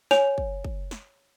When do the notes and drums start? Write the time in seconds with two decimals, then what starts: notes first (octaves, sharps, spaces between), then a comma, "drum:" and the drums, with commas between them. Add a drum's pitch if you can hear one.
0.11 C#5 G#5 F7, drum: snare
0.38 drum: kick
0.64 drum: kick
0.91 drum: snare